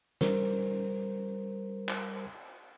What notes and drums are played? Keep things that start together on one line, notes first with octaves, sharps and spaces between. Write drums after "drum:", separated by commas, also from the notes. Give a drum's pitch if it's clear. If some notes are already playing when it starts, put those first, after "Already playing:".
G3 A#4 C5, drum: snare
drum: clap